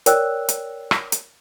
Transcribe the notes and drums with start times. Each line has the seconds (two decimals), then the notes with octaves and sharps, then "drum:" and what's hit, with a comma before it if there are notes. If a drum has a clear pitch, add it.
0.06 A#4 C#5 D5 G5 E6 F#6, drum: hi-hat
0.49 drum: hi-hat
0.91 drum: rim click
1.12 drum: hi-hat